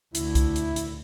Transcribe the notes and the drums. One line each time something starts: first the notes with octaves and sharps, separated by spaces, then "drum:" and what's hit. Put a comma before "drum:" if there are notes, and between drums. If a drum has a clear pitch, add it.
D2 D3 E4, drum: hi-hat
drum: kick C2, hi-hat
drum: hi-hat
drum: hi-hat